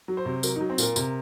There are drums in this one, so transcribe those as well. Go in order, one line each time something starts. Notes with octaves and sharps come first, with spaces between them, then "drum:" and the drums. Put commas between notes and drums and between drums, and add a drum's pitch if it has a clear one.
F#3
C5
C3
F#3 A#4, drum: tambourine
F#3 D#4
C4
A#2 A#4, drum: tambourine
C3, drum: tambourine